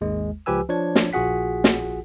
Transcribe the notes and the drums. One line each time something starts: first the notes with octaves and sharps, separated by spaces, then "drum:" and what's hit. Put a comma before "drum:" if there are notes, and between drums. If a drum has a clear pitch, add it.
G#1 D#2 G#3
C#2 F3 G4 B4 G#5 E6
F3 D4 C#5 G#6
drum: snare
A#1 F4 F#4 G#4 F#5 B6
drum: snare